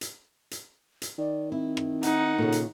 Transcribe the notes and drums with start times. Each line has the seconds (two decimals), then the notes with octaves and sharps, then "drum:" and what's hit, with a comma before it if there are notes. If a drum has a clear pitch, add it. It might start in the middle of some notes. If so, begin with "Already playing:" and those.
0.01 drum: hi-hat
0.51 drum: hi-hat
1.02 drum: hi-hat
1.18 D#3 D5
1.52 C4 E4
1.77 drum: rim click
2.03 D#4 F#5, drum: hi-hat
2.38 A#2 C#3 A4
2.52 drum: hi-hat